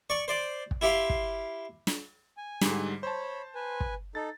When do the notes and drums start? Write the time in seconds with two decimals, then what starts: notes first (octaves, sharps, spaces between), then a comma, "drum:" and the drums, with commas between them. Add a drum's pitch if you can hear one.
0.10 D5 C#6
0.28 C5 D5
0.71 drum: kick
0.81 E4 G4 E5 F5 C6
1.10 drum: kick
1.87 drum: snare
2.37 G#5
2.61 G#2 D3 G3, drum: snare
3.03 C5 C#5 A5 B5
3.55 B4 G#5
3.80 drum: kick
4.15 D#4 A4 A6